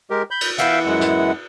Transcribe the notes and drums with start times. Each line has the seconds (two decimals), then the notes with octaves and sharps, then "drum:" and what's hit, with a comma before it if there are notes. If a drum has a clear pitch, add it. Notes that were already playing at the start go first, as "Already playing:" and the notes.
0.10 G#3 G4 A#4
0.31 B5 G6
0.41 drum: cymbal
0.58 E3 B3 E4 E5 F5 G5, drum: hi-hat
0.85 F#2 G#3 F#5
1.01 drum: snare